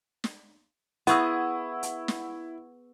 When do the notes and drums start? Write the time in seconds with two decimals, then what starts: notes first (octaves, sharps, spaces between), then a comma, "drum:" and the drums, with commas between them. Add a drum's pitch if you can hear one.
0.24 drum: snare
1.07 B3 E4 G#4 F#5 C#6 E6, drum: hi-hat
1.83 drum: hi-hat
2.08 drum: snare